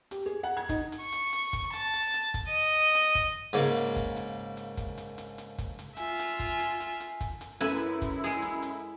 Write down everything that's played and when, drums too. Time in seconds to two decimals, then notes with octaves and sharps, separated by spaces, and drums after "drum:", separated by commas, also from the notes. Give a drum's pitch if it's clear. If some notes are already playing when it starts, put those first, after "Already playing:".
0.11 G4, drum: hi-hat
0.26 G#4
0.43 F#5
0.57 G#6
0.69 D#4, drum: kick, hi-hat
0.92 drum: hi-hat
1.02 C#6
1.13 drum: hi-hat
1.33 drum: hi-hat
1.53 drum: kick, hi-hat
1.73 A5, drum: hi-hat
1.94 drum: hi-hat
2.14 drum: hi-hat
2.34 drum: kick, hi-hat
2.48 D#5
2.95 drum: hi-hat
3.15 drum: kick, hi-hat
3.53 G#2 C#3 A#3, drum: hi-hat
3.76 drum: hi-hat
3.96 drum: kick, hi-hat
4.17 drum: hi-hat
4.57 drum: hi-hat
4.77 drum: kick, hi-hat
4.98 drum: hi-hat
5.18 drum: hi-hat
5.38 drum: hi-hat
5.58 drum: kick, hi-hat
5.79 drum: hi-hat
5.97 F4 E5 G#5, drum: hi-hat
6.19 drum: hi-hat
6.40 drum: kick, hi-hat
6.60 drum: hi-hat
6.80 drum: hi-hat
7.00 drum: hi-hat
7.21 drum: kick, hi-hat
7.41 drum: hi-hat
7.61 F#2 A3 E4 B4 E5 G#5, drum: hi-hat
8.02 drum: kick, hi-hat
8.24 G#3 G#4, drum: hi-hat
8.42 drum: hi-hat
8.62 drum: hi-hat